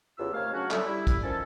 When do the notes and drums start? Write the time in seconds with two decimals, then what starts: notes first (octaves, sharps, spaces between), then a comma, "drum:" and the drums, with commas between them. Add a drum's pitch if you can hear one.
0.19 E2 C#3 F4 G4 E6
0.33 D#2 C3 A3 C#5 F5
0.53 C#3 F#3 C#4 D4 F#4
0.71 A2 D3 F#3 G3 B3 E5, drum: clap
0.86 G3 E4
1.07 drum: kick, hi-hat
1.23 D#3 F3 C#4 A4